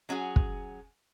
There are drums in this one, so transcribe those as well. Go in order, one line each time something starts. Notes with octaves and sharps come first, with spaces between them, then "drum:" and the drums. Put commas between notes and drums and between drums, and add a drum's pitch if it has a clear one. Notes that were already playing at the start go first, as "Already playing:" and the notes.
F#3 C#4 F#4 G#4
drum: kick